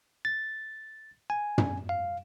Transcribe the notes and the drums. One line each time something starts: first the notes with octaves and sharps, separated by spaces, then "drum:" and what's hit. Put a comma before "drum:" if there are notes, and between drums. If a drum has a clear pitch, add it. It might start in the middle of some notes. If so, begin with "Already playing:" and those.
A6
G#5
drum: tom
F5